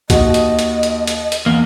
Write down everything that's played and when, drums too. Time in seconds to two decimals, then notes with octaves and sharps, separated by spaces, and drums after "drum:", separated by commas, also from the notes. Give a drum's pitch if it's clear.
0.10 D#2 F#4 D#5, drum: kick, hi-hat
0.34 drum: hi-hat
0.59 drum: hi-hat
0.83 drum: hi-hat
1.07 drum: hi-hat
1.32 drum: hi-hat
1.46 E2 A#3